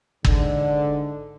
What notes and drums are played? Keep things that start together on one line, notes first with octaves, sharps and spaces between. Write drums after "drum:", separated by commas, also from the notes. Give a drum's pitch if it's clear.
G#2 D3, drum: kick